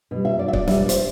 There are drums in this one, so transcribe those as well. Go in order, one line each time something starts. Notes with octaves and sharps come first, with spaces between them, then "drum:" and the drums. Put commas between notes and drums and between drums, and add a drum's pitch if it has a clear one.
B2 G3
E5
D5
E5
D5, drum: kick C#1
B2 G3 E5, drum: snare
D5
C5, drum: hi-hat